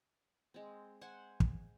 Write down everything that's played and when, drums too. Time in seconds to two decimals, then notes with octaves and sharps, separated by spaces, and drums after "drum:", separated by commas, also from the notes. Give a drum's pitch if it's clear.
0.54 G#3 C4
1.01 C5 F#5 G#5
1.40 drum: kick